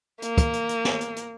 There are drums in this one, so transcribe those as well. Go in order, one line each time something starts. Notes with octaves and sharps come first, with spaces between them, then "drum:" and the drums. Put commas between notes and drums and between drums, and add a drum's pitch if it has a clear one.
A#3, drum: hi-hat
drum: kick, hi-hat
drum: hi-hat
drum: hi-hat
drum: snare
drum: hi-hat
drum: hi-hat